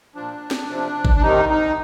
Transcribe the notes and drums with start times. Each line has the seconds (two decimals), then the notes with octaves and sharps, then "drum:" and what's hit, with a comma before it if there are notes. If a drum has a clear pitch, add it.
0.15 A#2 F3 D4
0.51 drum: snare
0.69 C3 F3
1.05 drum: kick G#1
1.16 D4
1.22 C3 D#3 D#4
1.49 D#4